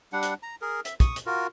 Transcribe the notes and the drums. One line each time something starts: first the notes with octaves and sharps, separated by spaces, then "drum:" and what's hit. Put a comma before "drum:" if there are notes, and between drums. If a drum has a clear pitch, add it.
G3 D4 F#5
drum: hi-hat
A#5
G#4 A#4
E5, drum: hi-hat
C#6 D#6, drum: kick, hi-hat
drum: hi-hat
F4 F#4 A#4